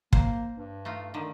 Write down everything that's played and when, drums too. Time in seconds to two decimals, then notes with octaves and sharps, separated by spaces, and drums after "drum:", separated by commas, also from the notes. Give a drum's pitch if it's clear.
0.13 A#3 C5, drum: kick
0.56 G2
0.85 A3 D#4 F4
1.14 D3 D#3 D#4